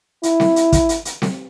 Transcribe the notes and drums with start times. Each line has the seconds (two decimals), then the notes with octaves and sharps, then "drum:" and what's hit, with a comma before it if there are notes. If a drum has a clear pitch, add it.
0.23 E4, drum: hi-hat
0.40 drum: snare C4
0.56 drum: hi-hat
0.72 drum: kick, hi-hat
0.89 drum: hi-hat
1.05 drum: hi-hat
1.22 drum: snare C4